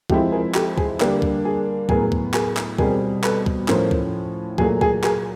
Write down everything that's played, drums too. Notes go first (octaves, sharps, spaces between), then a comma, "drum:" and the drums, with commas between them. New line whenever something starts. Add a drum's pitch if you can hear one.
F3 G#3 C4 E4 G4 A4, drum: kick
G#4 A#4
G4 A4, drum: clap
G#4, drum: kick
D3 G3 A#3 D4 G4, drum: clap
drum: kick
G#4
A2 F#3 B3 G#4 A#4, drum: kick
drum: kick
G#4 A#4, drum: clap
drum: clap
B2 G3 C4 G#4 A#4, drum: kick
A4 B4, drum: clap
drum: kick
A2 F3 A3 C#4 A#4 C5, drum: clap
drum: kick
A#2 F#3 A3 G#4, drum: kick
G#4, drum: kick
G#4 A#4, drum: clap